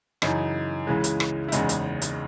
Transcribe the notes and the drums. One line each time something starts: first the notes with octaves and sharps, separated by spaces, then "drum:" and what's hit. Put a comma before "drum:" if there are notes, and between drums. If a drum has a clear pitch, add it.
F#2 C#3 E3 D#4, drum: rim click
C#2 C#3 E3 G#3
drum: hi-hat
drum: rim click
E4
F#1 E2 C#3 G#3 D#4, drum: hi-hat
drum: hi-hat
drum: hi-hat